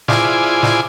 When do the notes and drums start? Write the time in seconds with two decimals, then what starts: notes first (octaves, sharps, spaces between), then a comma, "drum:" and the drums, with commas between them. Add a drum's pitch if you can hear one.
0.08 E4 F4 G#4 C5 D5 G#5, drum: snare
0.63 drum: snare